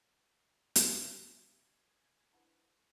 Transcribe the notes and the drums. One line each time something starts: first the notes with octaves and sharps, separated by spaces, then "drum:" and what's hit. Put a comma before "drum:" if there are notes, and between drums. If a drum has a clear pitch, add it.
drum: hi-hat
D4 G#5 A5 G#6
D4 E4 B4 C5 F#5 A5